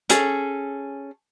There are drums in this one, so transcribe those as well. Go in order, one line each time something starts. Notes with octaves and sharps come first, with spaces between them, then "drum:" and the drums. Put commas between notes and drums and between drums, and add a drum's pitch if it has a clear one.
C#4 G#4 A4, drum: hi-hat